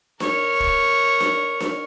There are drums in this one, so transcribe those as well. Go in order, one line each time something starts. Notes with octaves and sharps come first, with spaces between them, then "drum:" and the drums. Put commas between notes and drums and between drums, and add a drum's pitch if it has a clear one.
A#4 C#5, drum: snare D4
drum: kick
drum: snare D4
drum: snare D4